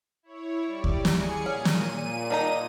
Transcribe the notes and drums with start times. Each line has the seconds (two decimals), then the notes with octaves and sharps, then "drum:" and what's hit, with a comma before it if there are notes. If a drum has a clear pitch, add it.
0.23 E4 C#5
0.65 G3 D5
0.84 drum: kick D2
1.05 G#4 G#5 C#7, drum: snare
1.46 A#2 C#4 D#7
1.65 drum: snare
2.30 D#3 D#4 A#5